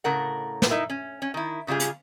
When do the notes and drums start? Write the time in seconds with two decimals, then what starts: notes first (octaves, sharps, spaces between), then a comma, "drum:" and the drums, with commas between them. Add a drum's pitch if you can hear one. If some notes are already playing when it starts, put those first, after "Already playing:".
0.04 A2 C#3 A#4 F#5
0.62 drum: snare
0.71 D#4 E4 A#4 E5
0.90 C#4
1.22 C#4
1.34 D#3 E4
1.67 G#2 C#3 G3 F4 G#4
1.80 drum: hi-hat